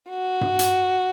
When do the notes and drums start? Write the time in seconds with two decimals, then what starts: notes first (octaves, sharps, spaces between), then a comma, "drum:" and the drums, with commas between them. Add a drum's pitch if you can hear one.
0.10 F#4
0.41 drum: tom G2
0.59 drum: hi-hat